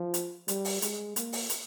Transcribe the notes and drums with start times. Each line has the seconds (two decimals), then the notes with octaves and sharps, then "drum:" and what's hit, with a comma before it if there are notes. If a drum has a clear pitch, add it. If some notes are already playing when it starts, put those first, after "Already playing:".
Already playing: F3
0.14 drum: hi-hat
0.48 G3, drum: hi-hat
0.65 drum: open hi-hat
0.82 G#3, drum: hi-hat
1.16 A#3, drum: hi-hat
1.33 drum: open hi-hat
1.50 drum: hi-hat